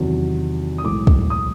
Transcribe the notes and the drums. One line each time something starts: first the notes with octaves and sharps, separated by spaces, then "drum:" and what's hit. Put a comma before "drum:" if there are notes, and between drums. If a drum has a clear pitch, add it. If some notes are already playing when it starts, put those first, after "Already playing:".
Already playing: E2 C3 D#3 F#3
D#6
B1 A2 E3 G#3 D6
drum: kick
D#6